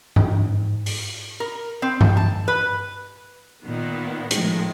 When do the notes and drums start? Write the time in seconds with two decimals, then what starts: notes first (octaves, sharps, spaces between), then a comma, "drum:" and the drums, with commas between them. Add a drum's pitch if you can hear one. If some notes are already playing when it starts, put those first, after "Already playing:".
0.16 G#2, drum: tom G2
0.86 drum: open hi-hat
1.40 A#4
1.82 C4
2.01 drum: tom G2
2.17 A5
2.48 B4
3.66 A#2 D#3 B3
4.31 A2 D#3 F3 G#3, drum: hi-hat